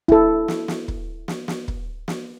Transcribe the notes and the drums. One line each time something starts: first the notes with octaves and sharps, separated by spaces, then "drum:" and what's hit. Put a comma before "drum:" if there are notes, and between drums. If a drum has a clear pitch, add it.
E4 A4, drum: kick
drum: snare
drum: snare
drum: kick
drum: snare
drum: snare
drum: kick
drum: snare